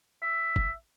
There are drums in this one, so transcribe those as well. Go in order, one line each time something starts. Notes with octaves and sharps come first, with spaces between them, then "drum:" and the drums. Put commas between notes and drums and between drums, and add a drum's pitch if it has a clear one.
E5
drum: kick